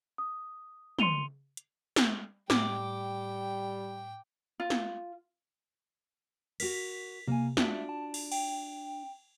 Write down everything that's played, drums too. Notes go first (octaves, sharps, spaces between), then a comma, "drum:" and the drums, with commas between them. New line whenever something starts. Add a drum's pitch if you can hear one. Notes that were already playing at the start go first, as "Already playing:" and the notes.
D#6
C6 C#7 D#7 F7 G7, drum: tom
drum: hi-hat
drum: snare
A2 G3 G5 D6, drum: snare
F4
drum: snare
F#4 A#4 B6, drum: cymbal
C3 A#3 G#5
D4 F4 F#4 E5, drum: snare
A5
drum: open hi-hat
G5, drum: cymbal